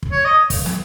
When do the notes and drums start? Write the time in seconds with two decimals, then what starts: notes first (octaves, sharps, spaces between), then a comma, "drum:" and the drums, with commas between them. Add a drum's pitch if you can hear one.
0.03 drum: kick
0.12 C#5
0.25 D#5
0.50 drum: kick, open hi-hat
0.66 drum: snare